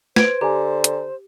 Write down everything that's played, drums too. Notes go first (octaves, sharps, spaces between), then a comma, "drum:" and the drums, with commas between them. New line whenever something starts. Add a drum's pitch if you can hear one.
B4 C5 G#6 D7, drum: snare
D3 G4 G#5 A#5
drum: hi-hat